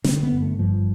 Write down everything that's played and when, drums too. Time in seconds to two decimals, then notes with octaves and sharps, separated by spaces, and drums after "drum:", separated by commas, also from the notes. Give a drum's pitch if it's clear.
0.04 D3 C4, drum: snare
0.23 B3
0.32 G1
0.42 A3
0.59 G2 F3